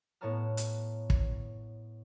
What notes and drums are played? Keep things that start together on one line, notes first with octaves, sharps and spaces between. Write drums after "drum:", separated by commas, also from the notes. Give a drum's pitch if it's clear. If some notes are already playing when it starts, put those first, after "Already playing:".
A2 B3 C#5 A5 A#5 F6
drum: hi-hat
drum: kick